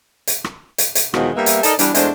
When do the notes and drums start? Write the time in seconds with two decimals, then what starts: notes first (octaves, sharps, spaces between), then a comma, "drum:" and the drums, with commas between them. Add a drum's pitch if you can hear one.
0.27 drum: hi-hat
0.44 drum: rim click
0.78 drum: hi-hat
0.95 drum: hi-hat
1.14 E2 B2 D#3 F3 G#3 F#4, drum: rim click
1.36 G3 A#3 B3 E5
1.46 drum: hi-hat
1.63 D#4 A4 A#4 D5 D#5, drum: hi-hat
1.79 E3 G3 B3 D4, drum: hi-hat
1.95 E2 G#3 A3 D4 C5, drum: hi-hat